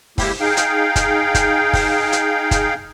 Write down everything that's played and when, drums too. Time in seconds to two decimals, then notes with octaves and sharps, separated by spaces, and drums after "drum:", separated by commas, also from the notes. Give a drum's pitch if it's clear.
0.18 G#3 A#3 E4 G4, drum: kick, open hi-hat
0.40 D#4 G#4 F5 G5
0.57 drum: hi-hat
0.96 drum: kick, hi-hat
1.35 drum: kick, hi-hat
1.73 drum: kick, open hi-hat
2.12 drum: hi-hat
2.51 drum: kick, hi-hat